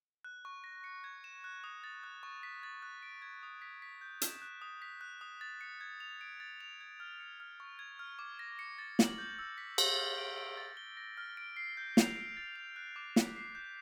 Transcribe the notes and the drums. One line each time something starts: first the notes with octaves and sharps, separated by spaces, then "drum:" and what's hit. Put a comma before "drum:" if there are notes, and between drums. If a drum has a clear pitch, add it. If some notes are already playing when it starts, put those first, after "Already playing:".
F#6
C#6
A#6
C#7
G#6
E7
F#6
D#6
A6
F#6
C#6
B6
A6
F#6
D7
G#6
D#6
B6
B6
G6
E7, drum: hi-hat
F#6
D#6
B6
F#6
D#6
A6
C#7
G#6
F7
D7
A6
F7
G#6
F6
C#7
F6
C#6
G#6
F6
D6
A#6
C#7
A6
F#7, drum: snare
G6
E6
B6
A#6, drum: cymbal
F6
D7
D7
A6
G7
A#6
F6
D7
C7
G6
F7, drum: snare
D7
A6
F7
F#6
D6
B6, drum: snare
C7
G6